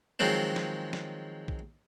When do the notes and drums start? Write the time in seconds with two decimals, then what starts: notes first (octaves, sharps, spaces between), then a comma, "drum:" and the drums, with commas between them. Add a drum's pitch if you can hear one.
0.19 D#3 F3 F#3 G#3 C4
0.56 drum: snare
0.93 drum: snare
1.48 drum: kick